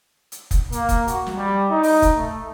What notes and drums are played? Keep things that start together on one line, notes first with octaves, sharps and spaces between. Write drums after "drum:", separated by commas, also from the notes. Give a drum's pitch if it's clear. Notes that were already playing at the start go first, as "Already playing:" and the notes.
drum: hi-hat
drum: kick F1, hi-hat
A#3, drum: hi-hat
drum: kick F1, hi-hat
F#4, drum: hi-hat
drum: snare
G3
D#4
drum: open hi-hat
drum: kick F1, hi-hat
A3